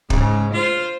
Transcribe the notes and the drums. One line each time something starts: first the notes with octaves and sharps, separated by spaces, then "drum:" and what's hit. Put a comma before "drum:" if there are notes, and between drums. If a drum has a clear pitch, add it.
G#2 C#3, drum: kick
F4 C5